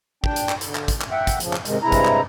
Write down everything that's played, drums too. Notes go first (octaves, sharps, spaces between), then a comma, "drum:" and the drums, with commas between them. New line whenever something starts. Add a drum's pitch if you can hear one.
D4 G5, drum: kick
drum: hi-hat
drum: clap
D3, drum: hi-hat
drum: clap
drum: kick, hi-hat
drum: clap
E5 F#5 G5
drum: kick, hi-hat
C#3 F3, drum: hi-hat
drum: clap
G#2 C3 D#3 G#3, drum: hi-hat
G2 C3 G#3 E4 A#5
drum: kick, hi-hat
drum: clap